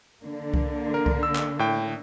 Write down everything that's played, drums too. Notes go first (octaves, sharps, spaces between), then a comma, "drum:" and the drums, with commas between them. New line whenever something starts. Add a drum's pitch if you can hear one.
D3 A#3
drum: kick C2
A#4
drum: kick C2
E6
drum: clap
A2 G5